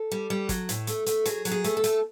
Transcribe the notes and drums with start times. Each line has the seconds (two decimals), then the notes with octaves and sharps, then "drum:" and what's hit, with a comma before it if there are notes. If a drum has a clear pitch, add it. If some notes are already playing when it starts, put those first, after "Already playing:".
Already playing: A4
0.12 G3
0.30 G3
0.49 F#3, drum: kick, hi-hat
0.69 A2, drum: hi-hat
0.87 A3, drum: hi-hat
1.06 A3, drum: hi-hat
1.26 F#3 G#4, drum: hi-hat
1.45 F#3, drum: hi-hat
1.52 G#4
1.64 A3, drum: hi-hat
1.77 A4
1.84 A3, drum: hi-hat